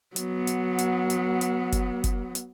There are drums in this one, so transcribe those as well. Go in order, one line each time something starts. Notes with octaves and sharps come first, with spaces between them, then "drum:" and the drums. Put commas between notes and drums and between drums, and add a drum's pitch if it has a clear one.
F#3 B3, drum: hi-hat
drum: hi-hat
drum: hi-hat
drum: hi-hat
drum: hi-hat
drum: kick F#1, hi-hat
drum: kick F#1, hi-hat
drum: hi-hat